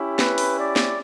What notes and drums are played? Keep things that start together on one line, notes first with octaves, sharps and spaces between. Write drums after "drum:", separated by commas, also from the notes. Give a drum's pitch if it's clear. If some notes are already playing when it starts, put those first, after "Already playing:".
Already playing: C#4 E4 G4
B4, drum: snare
drum: open hi-hat
D5
drum: snare